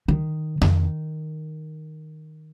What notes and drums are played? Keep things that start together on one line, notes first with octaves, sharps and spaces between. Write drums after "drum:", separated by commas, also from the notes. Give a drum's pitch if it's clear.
D#3
D#3, drum: tom F2